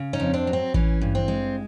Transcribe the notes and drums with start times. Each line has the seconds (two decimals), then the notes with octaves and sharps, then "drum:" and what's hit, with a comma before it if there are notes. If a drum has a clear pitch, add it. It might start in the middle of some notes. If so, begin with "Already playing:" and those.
Already playing: C#3
0.13 C#4 D#4
0.20 F2
0.33 C4 D4
0.47 F#3
0.53 C4
0.74 E3 C#4, drum: kick A1
1.01 G2
1.15 C4
1.28 G#3